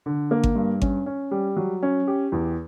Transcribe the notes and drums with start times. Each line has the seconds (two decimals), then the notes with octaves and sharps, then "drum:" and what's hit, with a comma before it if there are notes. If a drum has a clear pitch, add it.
0.06 D3
0.31 A#3
0.44 drum: kick G#1
0.55 G2
0.82 C#4, drum: kick G#1
1.06 C#4
1.31 G3
1.57 F#3
1.83 C#4
2.07 G4
2.32 E2